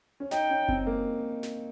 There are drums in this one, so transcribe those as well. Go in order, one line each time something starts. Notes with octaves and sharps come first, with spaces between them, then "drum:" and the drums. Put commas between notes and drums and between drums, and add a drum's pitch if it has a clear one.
C#4
D#4 G5, drum: snare
C#4
C4, drum: kick F#1
A#3
drum: snare